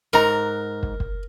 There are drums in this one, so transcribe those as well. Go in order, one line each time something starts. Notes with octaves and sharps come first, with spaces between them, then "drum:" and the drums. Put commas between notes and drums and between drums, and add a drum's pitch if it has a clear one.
G#2 A#4 A#5
drum: kick
drum: kick